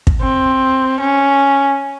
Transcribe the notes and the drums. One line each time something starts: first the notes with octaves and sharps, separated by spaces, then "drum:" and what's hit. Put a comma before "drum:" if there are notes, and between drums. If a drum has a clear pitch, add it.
drum: kick
C4
C#4